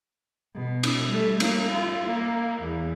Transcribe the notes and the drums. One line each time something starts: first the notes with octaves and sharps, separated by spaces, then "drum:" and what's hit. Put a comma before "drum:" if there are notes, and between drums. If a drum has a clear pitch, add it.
B2
drum: cymbal
G3 A3
A#3, drum: cymbal
F4
A#3
E2